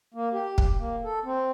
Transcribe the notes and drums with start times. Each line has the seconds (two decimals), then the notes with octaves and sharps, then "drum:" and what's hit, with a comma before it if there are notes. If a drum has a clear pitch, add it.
0.14 A#3
0.33 G4
0.58 drum: kick
0.79 A#3
1.04 A4
1.24 C4